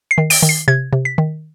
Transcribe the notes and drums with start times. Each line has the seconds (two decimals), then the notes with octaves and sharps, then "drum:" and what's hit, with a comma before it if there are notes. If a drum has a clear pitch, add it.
0.11 C7
0.18 D#3
0.30 D7, drum: open hi-hat
0.43 D#3
0.49 C7
0.68 C3 G#6
0.93 C3
1.05 B6
1.18 D#3